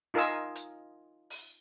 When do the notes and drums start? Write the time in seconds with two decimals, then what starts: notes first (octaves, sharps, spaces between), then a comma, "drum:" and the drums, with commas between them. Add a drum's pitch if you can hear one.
0.14 D#4 F4 A#4 D#5 G#5 E6
0.55 drum: hi-hat
1.30 drum: open hi-hat